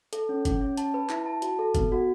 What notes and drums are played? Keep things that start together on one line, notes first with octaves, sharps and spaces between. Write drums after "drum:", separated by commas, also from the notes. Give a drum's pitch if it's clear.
A4, drum: hi-hat
C#4
C#4, drum: kick F#1, hi-hat
C#4
A5, drum: hi-hat
B4
E4, drum: clap
A5
F#4, drum: hi-hat
A4
B3, drum: kick F#1, hi-hat
F#4